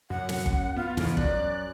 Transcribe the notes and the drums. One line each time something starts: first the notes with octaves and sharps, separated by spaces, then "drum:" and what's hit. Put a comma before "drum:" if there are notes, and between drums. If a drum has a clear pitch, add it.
F#2 F#5
drum: snare
drum: kick G1
B3 F4
E2 G#2 B2, drum: snare
F#2 D5 F#6, drum: kick G1